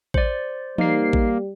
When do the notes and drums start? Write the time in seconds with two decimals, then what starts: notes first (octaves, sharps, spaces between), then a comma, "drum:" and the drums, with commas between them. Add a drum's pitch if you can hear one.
0.14 C5 D5, drum: kick A1
0.78 G3 A#3 D#4 C7, drum: tom E3
1.13 drum: kick A1